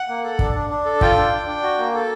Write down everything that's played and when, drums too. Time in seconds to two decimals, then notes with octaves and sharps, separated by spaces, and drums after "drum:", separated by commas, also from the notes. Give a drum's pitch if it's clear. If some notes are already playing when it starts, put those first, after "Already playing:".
Already playing: F#5
0.09 A#3
0.24 A4
0.39 D4, drum: kick
0.55 D4
0.70 D4
0.85 A4
1.01 F4 G5, drum: kick
1.17 D4
1.32 D4
1.47 D4
1.63 F#4
1.78 A#3
1.95 A4